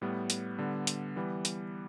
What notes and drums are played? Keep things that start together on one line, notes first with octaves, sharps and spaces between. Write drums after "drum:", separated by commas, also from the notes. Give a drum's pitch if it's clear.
A2 G3 B3
drum: hi-hat
D3 G3 B3
drum: hi-hat
E3 G3 B3
drum: hi-hat